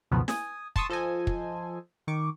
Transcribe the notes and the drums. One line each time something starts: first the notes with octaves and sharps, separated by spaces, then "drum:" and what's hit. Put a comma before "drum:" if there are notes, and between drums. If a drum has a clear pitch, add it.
C#2 F#2 B2 D#3 F3 B3
G#5 D#6, drum: snare
A5 C6 C#6 D#6 E6, drum: kick
F3 A4 C5 D#5 G#5
drum: kick
D#3 C#6 D6